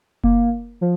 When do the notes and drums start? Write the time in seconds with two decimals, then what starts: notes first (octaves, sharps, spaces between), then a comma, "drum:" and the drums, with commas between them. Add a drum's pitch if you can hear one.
0.24 A#3, drum: kick F#1
0.81 F3